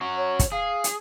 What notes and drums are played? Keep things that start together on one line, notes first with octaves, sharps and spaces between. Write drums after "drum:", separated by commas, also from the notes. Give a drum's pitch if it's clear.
C#4 F#4
C#5
drum: kick, hi-hat
G#4 F5
drum: hi-hat